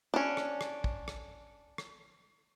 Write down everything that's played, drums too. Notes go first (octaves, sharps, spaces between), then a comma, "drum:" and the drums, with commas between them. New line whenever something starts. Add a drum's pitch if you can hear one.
C#4 D4
drum: rim click
drum: rim click
drum: kick
drum: rim click
drum: rim click